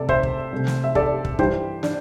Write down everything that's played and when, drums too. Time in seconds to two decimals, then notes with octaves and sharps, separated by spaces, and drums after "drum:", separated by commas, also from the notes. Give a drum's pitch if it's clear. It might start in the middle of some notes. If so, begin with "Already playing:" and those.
Already playing: C2 C3 A3 A4 D5
0.09 C5 E5, drum: kick
0.23 drum: kick
0.52 C2 C3 A3
0.67 drum: snare
0.84 E5
0.95 A4 D5, drum: kick
1.25 drum: kick
1.39 G2 E3 G3 G4 C5, drum: kick
1.83 D4, drum: snare